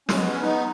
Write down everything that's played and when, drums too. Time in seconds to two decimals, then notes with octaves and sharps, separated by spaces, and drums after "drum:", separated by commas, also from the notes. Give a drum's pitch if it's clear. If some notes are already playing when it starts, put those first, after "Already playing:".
0.09 C#4, drum: snare
0.15 G#3 B3
0.30 C#4
0.40 B3 D#4